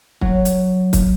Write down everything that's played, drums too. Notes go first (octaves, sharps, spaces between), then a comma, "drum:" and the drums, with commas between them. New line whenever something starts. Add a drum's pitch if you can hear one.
F#3, drum: kick
drum: hi-hat
drum: kick, hi-hat